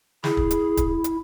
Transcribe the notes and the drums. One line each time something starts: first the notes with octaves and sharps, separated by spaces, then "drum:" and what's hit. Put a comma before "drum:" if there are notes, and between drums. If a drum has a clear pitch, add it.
E4 G#4, drum: snare
drum: kick
drum: hi-hat
drum: kick, hi-hat
drum: hi-hat